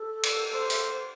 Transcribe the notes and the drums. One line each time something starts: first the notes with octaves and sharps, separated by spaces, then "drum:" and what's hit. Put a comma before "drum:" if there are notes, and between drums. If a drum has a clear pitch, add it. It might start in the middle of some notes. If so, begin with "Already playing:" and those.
Already playing: A4
drum: cymbal
C5
drum: open hi-hat